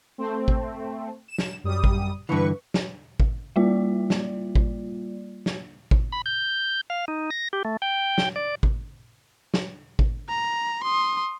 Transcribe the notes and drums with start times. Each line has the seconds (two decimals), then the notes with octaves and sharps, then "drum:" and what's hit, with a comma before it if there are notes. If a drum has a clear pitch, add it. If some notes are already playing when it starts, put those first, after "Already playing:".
0.18 A3 C4
0.48 drum: kick G#1
1.28 E7
1.38 drum: snare
1.64 F#2 G3 D#6
1.84 drum: kick G#1
2.29 G2 D3 E3 B4 C#6
2.74 drum: snare
3.20 drum: kick G#1
3.56 G3 A#3 F4 D5
4.10 drum: snare
4.55 drum: kick G#1
5.46 drum: snare
5.91 drum: kick G#1
6.12 B5
6.26 G6
6.90 F5
7.08 D#4
7.30 A#6
7.53 G4
7.65 A3
7.82 G5
8.18 drum: snare
8.36 D5
8.63 drum: kick G#1
9.54 drum: snare
9.99 drum: kick G#1
10.29 A#5
10.83 C6 D#6